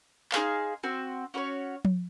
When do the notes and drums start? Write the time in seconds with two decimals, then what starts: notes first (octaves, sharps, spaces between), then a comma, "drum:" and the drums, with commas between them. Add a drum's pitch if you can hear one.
0.32 D#4 G#4 C5 F5, drum: clap
0.83 C4 F#4 C5
1.34 C#4 F#4 A#4 C#5
1.85 drum: tom F3